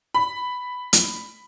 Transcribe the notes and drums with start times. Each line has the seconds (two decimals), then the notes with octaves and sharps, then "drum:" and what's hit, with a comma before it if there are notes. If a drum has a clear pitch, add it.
0.14 B5
0.93 drum: hi-hat